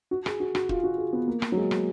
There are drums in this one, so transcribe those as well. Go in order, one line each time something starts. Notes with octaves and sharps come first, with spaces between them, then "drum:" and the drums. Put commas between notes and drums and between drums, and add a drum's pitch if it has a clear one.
F#4
G#4, drum: rim click
F#4
F#4, drum: rim click
F4, drum: kick
F#4
G#4
B3
A#3
drum: rim click
F#3
G#3
drum: rim click